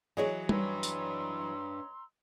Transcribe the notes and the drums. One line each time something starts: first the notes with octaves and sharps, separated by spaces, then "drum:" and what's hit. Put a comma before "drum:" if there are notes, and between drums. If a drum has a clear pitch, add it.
E3 F#3 G#4 C#5 D#5
D4 B4 A#5 C6 E6, drum: tom G3
drum: tambourine